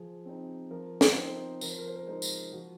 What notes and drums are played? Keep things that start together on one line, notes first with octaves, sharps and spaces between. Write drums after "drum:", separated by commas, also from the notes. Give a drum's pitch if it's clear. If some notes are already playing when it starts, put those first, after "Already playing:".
Already playing: F3 G#4
C4 D#4
F3 A#4
drum: snare
C4 D#4 C5
F3 A#4, drum: tambourine
C5
A#4
C5
A#4
G#3 D#4 C5
drum: tambourine
F3 F#4